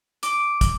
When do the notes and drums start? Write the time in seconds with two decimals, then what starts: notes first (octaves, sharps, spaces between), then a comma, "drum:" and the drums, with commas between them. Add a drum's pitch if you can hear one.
0.23 D6, drum: hi-hat
0.61 drum: kick, hi-hat